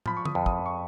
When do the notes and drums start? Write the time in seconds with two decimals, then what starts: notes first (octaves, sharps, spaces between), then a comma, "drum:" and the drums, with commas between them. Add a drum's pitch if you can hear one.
0.06 F3 B5, drum: tom
0.17 C#6
0.25 D#6, drum: tom
0.35 F2
0.46 D#6, drum: kick
0.66 C#6